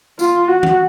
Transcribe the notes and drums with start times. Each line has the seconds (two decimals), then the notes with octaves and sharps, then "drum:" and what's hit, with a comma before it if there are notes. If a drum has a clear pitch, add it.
0.19 F4, drum: tambourine
0.48 F#4
0.63 drum: tom E3